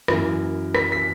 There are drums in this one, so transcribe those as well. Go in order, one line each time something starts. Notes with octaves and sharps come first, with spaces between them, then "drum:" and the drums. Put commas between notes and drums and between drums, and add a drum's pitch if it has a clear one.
F#2 E3 A#3, drum: rim click
B6, drum: rim click
B6